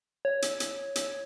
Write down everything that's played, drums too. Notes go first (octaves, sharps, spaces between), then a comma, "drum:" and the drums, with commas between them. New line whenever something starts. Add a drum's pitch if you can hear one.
C#5
drum: hi-hat
drum: hi-hat
drum: hi-hat